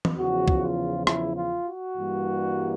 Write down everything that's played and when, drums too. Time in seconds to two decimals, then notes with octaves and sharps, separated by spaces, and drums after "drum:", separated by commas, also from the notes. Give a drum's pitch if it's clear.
0.05 drum: tom E3
0.18 E2 C#3 F3 F#4
0.48 drum: kick
0.63 F4
1.07 E4, drum: rim click
1.37 F4
1.66 F#4
1.96 G2 E3 G3 A#3